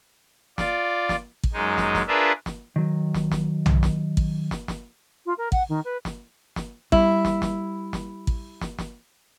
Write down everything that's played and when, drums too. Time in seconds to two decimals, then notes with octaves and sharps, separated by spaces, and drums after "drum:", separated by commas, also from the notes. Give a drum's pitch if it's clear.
0.58 F4 D5, drum: snare
1.09 drum: snare
1.44 drum: kick A1
1.53 F#2 G#3 D#4
1.78 drum: snare
1.95 drum: snare
2.08 D4 F4 G#4 A#4 B4 E5
2.46 drum: snare
2.76 D#3 F#3
3.14 drum: snare
3.32 drum: snare
3.66 drum: tom B1
3.83 drum: snare
4.17 drum: kick A1
4.51 drum: snare
4.68 drum: snare
5.26 F4
5.37 A#4
5.52 F#5, drum: kick A1
5.69 D#3
5.84 B4
6.05 drum: snare
6.56 drum: snare
6.92 G3 E4, drum: kick A1
7.25 drum: snare
7.42 drum: snare
7.93 drum: snare
8.27 drum: kick A1
8.61 drum: snare
8.79 drum: snare